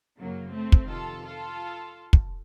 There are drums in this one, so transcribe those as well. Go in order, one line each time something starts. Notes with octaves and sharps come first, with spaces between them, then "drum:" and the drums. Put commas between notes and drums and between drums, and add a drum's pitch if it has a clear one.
F#2 C#3 F#3 A#3
A3 C4
drum: kick
F2 C3 D#3 F4 A4
F4 A4
drum: kick